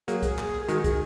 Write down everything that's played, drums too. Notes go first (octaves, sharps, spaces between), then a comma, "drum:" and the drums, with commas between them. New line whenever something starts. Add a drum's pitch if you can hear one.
F#3 A#3 G#4, drum: hi-hat
G#4, drum: kick, hi-hat
drum: clap
G#4
D#3 G#3 F#4, drum: hi-hat
G#4, drum: kick, hi-hat